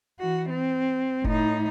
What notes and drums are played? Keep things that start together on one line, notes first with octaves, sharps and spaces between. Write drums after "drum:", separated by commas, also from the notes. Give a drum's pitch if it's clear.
E3 F#4
C4
A2 D#4, drum: kick F1